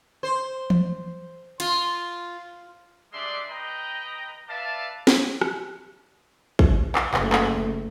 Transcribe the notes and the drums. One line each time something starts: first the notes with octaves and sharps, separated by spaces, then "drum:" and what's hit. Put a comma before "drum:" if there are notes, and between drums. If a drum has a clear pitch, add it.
C5
drum: tom E3
F4, drum: cymbal
G3 G#3 D4 D5 E5 C6
B4 D#5 G5 A#5
B4 D5 E5 F5 A5
drum: snare
drum: rim click
drum: kick
drum: clap
F#1 A3, drum: clap
drum: clap